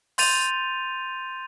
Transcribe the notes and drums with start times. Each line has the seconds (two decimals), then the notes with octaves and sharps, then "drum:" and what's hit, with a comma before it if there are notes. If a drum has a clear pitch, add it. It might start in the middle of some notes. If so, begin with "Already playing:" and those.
0.18 C6 G6 A6 D#7 F7, drum: open hi-hat